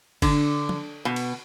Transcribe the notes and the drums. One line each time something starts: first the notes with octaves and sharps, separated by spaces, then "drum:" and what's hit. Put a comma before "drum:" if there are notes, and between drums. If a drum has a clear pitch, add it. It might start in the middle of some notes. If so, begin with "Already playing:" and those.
D3, drum: kick F#1, cymbal
drum: tom
B2
drum: cymbal